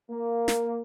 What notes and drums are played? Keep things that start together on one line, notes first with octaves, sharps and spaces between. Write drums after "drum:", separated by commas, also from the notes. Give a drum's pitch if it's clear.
A#3
drum: snare